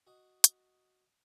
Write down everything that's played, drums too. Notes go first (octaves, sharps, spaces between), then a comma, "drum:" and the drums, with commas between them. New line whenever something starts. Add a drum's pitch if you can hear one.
F#4 D#5
drum: hi-hat